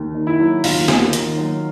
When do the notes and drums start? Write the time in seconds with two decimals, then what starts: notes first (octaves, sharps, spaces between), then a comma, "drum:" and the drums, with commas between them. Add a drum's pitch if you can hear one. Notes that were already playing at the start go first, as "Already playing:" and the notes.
Already playing: D#2
0.14 D#3
0.27 E4
0.40 F#3
0.64 D#2 F4, drum: open hi-hat
0.88 D#2, drum: snare
1.13 D#3, drum: hi-hat
1.37 F#3